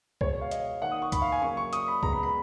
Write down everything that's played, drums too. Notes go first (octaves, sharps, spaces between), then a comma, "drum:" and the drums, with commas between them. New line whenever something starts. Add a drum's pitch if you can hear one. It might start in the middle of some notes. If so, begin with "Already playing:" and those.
B2 G#3 B3 C#5, drum: kick C#2
F5
D#5, drum: hi-hat
D#3 A#3 F#5
D#6
C#6
B5, drum: kick C#2, hi-hat
F5
G#5
C#3 F#3 A#3 C#6
C#6
D#6, drum: hi-hat
B5
C#3 G#3 B3 A#5, drum: kick C#2
B5
B5